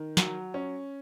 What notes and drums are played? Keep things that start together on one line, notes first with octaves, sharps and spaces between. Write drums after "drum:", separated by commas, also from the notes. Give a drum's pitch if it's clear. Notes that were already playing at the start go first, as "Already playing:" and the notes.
Already playing: D#3
F#3, drum: snare
C#4